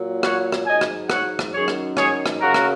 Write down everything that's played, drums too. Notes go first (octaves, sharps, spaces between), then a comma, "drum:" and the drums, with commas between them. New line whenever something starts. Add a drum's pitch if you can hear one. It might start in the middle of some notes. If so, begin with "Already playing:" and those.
Already playing: A#2 F#3
C#5 F#5, drum: rim click
drum: rim click
G#2 F#3 D#5 G#5
drum: rim click
C#5 F#5, drum: rim click
drum: rim click
F#2 D#3 F#3 G#4 C#5
drum: rim click
G#4 C#5, drum: rim click
drum: rim click
F#2 C#3 F#3 F#4 A#4
drum: rim click